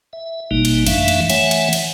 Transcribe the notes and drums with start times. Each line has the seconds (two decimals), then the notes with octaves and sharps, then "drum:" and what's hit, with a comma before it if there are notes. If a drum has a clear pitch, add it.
0.13 E5
0.51 G#1 B2 G3 A#3 D#4
0.65 drum: cymbal
0.86 F#2 E3 A3 D4 E5 F5, drum: cymbal
1.08 drum: cymbal
1.30 E3 A3 C#5 E5 F#5 G#5, drum: cymbal
1.51 drum: cymbal
1.73 drum: cymbal